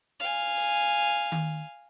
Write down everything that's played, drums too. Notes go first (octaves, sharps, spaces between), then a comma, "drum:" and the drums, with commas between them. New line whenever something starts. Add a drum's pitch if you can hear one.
F5 G#5
drum: open hi-hat
drum: tom D#3